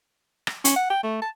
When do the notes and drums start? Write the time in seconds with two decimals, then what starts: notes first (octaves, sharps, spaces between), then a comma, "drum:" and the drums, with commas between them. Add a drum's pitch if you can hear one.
0.47 drum: rim click
0.65 C#4, drum: hi-hat
0.76 F#5
0.90 G5
1.03 A3
1.22 A5